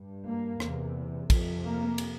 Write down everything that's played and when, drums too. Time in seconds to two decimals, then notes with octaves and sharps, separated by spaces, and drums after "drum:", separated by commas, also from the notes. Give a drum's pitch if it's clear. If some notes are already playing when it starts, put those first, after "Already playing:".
Already playing: G2
0.26 A#3
0.60 E2 C3, drum: rim click
1.30 F2 C3, drum: kick, cymbal
1.64 A#3
1.98 drum: cymbal